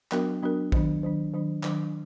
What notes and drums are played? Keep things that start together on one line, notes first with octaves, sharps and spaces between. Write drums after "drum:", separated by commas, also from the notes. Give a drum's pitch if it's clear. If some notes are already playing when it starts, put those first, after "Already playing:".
F#3 B3 D4 F#4 A#4, drum: clap
F#3 B3 D4 F#4 A#4
D#3 F#3 D4, drum: kick A#1
D#3 F#3 D4
D#3 F#3 D4
D#3 F#3 D4, drum: clap